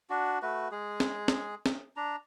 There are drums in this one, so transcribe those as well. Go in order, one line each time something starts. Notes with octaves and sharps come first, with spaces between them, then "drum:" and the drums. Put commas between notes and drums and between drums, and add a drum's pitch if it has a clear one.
D4 F#4
A3 F#4 B4
G#3 G#4
drum: snare
drum: snare
drum: snare
D4 A#5